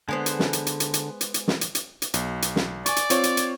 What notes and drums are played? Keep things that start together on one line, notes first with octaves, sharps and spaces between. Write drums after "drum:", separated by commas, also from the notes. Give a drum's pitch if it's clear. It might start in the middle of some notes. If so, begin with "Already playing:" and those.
D3 G#3 B3 C5
drum: hi-hat
drum: snare
drum: hi-hat
drum: hi-hat
drum: hi-hat
drum: hi-hat
drum: hi-hat
drum: hi-hat
drum: snare
drum: hi-hat
drum: hi-hat
drum: hi-hat
B1, drum: hi-hat
drum: hi-hat
drum: snare
D5 G#5 C#6, drum: hi-hat
drum: hi-hat
C4 F4 C#5, drum: hi-hat
drum: hi-hat
drum: hi-hat